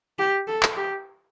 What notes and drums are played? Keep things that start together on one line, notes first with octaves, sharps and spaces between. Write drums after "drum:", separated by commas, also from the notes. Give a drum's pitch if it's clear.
G4
A4
drum: clap
G4